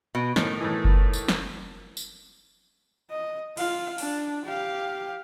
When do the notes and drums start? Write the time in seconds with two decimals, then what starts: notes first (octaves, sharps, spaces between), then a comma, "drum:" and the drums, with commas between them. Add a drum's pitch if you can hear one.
0.15 B2
0.36 A2 D#3, drum: snare
0.61 A2 E3
0.85 drum: kick F#1
1.13 drum: tambourine
1.28 drum: snare
1.97 drum: tambourine
3.10 D#5
3.57 F4 F5, drum: cymbal
3.98 D4, drum: open hi-hat
4.45 G4 F5